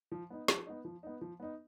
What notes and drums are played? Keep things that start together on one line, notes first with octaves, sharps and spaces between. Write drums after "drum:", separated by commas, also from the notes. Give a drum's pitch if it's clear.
F3
B3 D#4
F3, drum: snare
B3 D#4
F3
B3 D#4
F3
B3 D#4